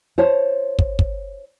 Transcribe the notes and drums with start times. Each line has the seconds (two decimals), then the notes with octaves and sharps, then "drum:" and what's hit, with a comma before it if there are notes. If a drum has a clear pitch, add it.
0.18 C5 C#5 A5
0.79 drum: kick
0.99 drum: kick